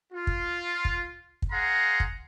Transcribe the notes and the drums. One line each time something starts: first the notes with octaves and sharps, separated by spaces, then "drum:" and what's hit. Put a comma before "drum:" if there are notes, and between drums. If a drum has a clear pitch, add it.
F4
drum: kick
drum: kick
drum: kick
G#4 F5 F#5 A#5 C6
drum: kick